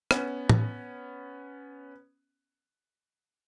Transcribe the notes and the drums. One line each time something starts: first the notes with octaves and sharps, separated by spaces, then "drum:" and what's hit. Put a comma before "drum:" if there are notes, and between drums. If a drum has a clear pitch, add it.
B3 C#4, drum: rim click
drum: tom A2